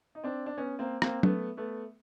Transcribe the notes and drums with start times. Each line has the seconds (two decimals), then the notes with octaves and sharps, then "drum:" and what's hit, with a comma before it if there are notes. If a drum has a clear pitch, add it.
0.15 D#4
0.24 C4 D4
0.46 D4
0.57 B3 C#4
0.79 A#3 C4
1.02 A#3 C4, drum: rim click
1.23 A3 B3, drum: tom F#3
1.57 A3 B3